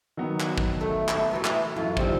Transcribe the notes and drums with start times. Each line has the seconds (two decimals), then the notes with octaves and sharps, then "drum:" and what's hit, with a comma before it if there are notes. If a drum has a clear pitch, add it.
0.17 D#3 F#3 B3
0.40 drum: clap
0.58 drum: kick
0.81 A3
1.09 E5, drum: clap
1.31 E3 F#3 B3
1.45 drum: clap
1.76 F#2 E3 F4 A4
1.97 D1 F3 G3 C4 D#4, drum: kick